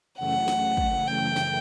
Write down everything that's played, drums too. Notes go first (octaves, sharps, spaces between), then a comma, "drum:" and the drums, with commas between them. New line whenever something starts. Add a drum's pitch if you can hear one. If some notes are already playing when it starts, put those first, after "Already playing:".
F#2 C#3 E3 A3 F#5
drum: snare
drum: kick
G5
drum: snare